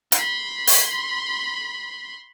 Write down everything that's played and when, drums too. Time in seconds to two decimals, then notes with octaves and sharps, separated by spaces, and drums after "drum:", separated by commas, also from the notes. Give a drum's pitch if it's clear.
0.12 B5 C6, drum: hi-hat
0.67 drum: open hi-hat